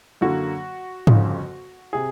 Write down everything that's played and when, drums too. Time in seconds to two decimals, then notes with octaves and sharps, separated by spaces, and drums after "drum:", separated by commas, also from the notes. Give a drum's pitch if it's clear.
0.21 F#2 D3 F#3 A#3 F#4
1.07 G1 F2 C#3 F3, drum: tom G#2
1.93 C3 G#4